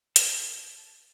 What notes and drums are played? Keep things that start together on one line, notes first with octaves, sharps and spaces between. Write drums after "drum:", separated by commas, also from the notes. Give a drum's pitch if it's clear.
A5, drum: hi-hat